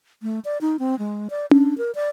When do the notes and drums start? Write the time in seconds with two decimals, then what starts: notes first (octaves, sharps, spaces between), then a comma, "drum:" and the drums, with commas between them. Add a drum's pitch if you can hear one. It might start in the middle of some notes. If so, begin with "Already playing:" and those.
0.23 A3
0.45 D5
0.61 D#4
0.79 C4
0.99 G#3
1.30 D5
1.51 D4, drum: tom C#4
1.78 A#4
1.95 D5